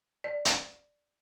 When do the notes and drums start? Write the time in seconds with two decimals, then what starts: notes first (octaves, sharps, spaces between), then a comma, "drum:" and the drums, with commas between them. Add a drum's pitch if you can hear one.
0.24 D5
0.45 drum: hi-hat